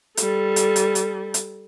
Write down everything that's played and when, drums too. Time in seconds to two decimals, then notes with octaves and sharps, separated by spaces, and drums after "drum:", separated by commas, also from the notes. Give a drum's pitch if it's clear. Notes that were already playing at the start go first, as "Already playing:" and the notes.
0.17 G3 A4, drum: hi-hat
0.56 drum: hi-hat
0.76 drum: hi-hat
0.95 drum: hi-hat
1.34 drum: hi-hat